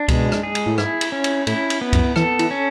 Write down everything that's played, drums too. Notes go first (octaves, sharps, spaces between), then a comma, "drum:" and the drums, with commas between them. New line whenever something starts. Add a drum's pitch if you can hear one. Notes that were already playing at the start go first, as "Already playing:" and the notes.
Already playing: D4
B2 G#3, drum: kick C#2, cymbal
drum: rim click
G#4
drum: cymbal
A2
G#2 E4, drum: rim click
drum: cymbal
C#4
drum: cymbal
A2 E4, drum: cymbal
drum: cymbal
B3
F#2, drum: kick C#2, cymbal
E3 A4, drum: rim click
E3, drum: cymbal
C#4